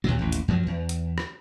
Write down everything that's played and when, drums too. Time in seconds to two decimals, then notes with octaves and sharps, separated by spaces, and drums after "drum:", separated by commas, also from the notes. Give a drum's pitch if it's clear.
0.04 D#2 C3 F#3, drum: tom A#2
0.19 A1 D#2
0.32 drum: hi-hat
0.48 F#2 F3 F#3
0.67 E2
0.89 drum: hi-hat
1.18 drum: rim click